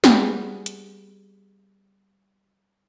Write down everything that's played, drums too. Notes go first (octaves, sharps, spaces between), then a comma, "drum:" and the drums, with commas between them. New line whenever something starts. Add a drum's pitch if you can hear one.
G3 B3 C4 G#4, drum: snare
drum: hi-hat